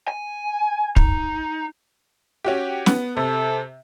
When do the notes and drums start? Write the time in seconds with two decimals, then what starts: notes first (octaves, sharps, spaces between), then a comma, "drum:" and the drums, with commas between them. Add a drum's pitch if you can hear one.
0.08 G#5
0.96 D#4, drum: kick
2.45 C#4 F#4 G4
2.86 B3, drum: snare
3.17 C3 A4